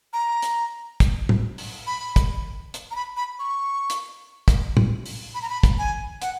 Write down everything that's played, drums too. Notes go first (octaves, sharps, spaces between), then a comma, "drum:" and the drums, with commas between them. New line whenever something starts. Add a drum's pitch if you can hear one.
A#5
drum: hi-hat
drum: kick, hi-hat
drum: tom
drum: open hi-hat
B5
drum: kick, hi-hat
drum: hi-hat
A#5
B5
B5
C#6
drum: hi-hat
drum: kick, hi-hat
drum: tom
drum: open hi-hat
B5
A#5
B5
drum: kick, hi-hat
G#5
F#5, drum: hi-hat